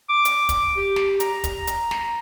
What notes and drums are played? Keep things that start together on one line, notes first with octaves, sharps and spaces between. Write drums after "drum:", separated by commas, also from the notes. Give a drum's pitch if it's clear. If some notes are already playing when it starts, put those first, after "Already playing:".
D6
drum: hi-hat
drum: kick, hi-hat
G4
drum: snare
A#5, drum: hi-hat
drum: kick, hi-hat
drum: hi-hat
drum: snare